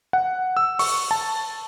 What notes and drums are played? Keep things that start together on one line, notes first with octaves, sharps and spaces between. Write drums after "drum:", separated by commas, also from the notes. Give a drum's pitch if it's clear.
F#5
E6
C#6, drum: open hi-hat
A5